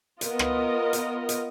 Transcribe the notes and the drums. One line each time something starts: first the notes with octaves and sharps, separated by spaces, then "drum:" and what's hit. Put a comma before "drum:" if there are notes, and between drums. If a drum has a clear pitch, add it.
B3 F4 A#4 D#5, drum: hi-hat
drum: rim click
drum: hi-hat
drum: hi-hat